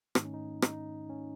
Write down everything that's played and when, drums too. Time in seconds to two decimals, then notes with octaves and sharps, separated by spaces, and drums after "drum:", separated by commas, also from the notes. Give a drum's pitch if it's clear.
0.15 G#2 D#3 A3 D#4, drum: rim click
0.25 C#4
0.34 D#4
0.62 D#4, drum: rim click
1.10 C#4